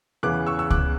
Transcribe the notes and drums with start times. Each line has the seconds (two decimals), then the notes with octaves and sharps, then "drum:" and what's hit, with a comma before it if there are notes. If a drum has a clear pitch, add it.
0.23 E2 C#3 E3 B3 D6 F#6
0.46 C#6 E6
0.59 E6
0.70 D6 F#6, drum: kick C#2